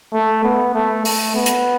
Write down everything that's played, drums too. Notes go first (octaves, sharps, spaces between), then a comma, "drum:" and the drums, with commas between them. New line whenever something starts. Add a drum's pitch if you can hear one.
A3
B3
A3
A3, drum: open hi-hat
B3
drum: hi-hat